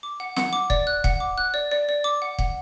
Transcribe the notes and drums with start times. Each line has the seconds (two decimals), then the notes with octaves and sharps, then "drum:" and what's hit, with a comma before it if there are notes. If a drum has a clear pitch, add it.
0.03 D6
0.20 F#5
0.36 F#5, drum: snare
0.53 D6
0.70 D5, drum: kick
0.87 F#6
1.04 F#5, drum: kick
1.20 D6
1.38 F#6
1.54 D5
1.71 D5
1.89 D5
2.04 D6
2.22 F#5
2.39 F#5, drum: kick